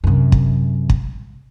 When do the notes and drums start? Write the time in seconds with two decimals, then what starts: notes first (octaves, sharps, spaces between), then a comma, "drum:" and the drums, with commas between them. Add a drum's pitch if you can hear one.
0.04 F#2 C3
0.32 drum: kick
0.89 drum: kick